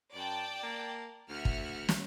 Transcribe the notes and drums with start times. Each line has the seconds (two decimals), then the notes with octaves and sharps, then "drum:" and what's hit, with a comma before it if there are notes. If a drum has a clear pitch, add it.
0.15 F#2 D5 G5 A5
0.63 A#3
1.29 D2 E5 F#5 F6
1.45 drum: kick
1.89 drum: snare